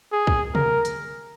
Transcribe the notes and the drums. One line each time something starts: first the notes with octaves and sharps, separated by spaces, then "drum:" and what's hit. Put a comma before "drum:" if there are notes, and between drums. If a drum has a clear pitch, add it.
G#4
drum: kick
A#4, drum: tom C3
drum: hi-hat